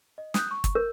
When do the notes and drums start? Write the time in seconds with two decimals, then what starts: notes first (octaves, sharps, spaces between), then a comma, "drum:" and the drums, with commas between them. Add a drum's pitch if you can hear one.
0.18 D#5
0.34 D#6 F#6 G6, drum: snare
0.51 C#6
0.64 drum: kick, hi-hat
0.75 A#4 G6